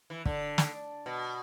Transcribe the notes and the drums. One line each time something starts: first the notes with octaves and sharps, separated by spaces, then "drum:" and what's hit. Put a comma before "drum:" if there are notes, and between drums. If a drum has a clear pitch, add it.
E3
D3, drum: kick
drum: snare
B2